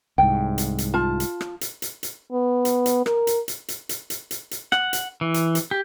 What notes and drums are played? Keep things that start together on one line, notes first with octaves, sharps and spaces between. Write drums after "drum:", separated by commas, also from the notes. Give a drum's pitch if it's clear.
C2 G#2 G5
drum: hi-hat
drum: hi-hat
F4 A5
drum: hi-hat
drum: rim click
drum: hi-hat
drum: hi-hat
drum: hi-hat
B3
drum: hi-hat
drum: hi-hat
A#4, drum: rim click
drum: hi-hat
drum: hi-hat
drum: hi-hat
drum: hi-hat
drum: hi-hat
drum: hi-hat
drum: hi-hat
F#5, drum: rim click
drum: hi-hat
E3
drum: hi-hat
drum: hi-hat
G4